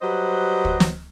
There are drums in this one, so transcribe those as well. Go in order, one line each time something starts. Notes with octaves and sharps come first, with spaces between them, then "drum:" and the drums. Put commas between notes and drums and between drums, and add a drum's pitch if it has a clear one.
F#3 G3 B4 C5 D#5
drum: kick
drum: snare